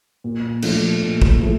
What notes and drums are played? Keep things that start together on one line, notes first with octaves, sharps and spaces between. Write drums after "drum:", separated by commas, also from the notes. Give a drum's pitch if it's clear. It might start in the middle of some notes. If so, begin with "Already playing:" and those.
A#2
F3 A3 D4, drum: cymbal
A#2
drum: kick
F3 A3